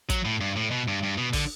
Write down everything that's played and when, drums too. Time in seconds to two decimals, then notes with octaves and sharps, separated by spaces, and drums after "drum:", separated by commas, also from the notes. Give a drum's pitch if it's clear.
0.10 F#3, drum: kick, hi-hat
0.25 A2
0.41 G2
0.56 A2
0.71 B2
0.88 G2
1.03 G2
1.17 B2
1.33 D3, drum: kick, open hi-hat